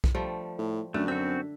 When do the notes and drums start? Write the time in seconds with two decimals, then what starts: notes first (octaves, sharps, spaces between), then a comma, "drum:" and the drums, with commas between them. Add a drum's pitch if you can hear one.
0.04 drum: kick B1
0.15 F3 G3 A3
0.58 A2
0.94 F#2 D3 A3
1.08 C4 F#4 E5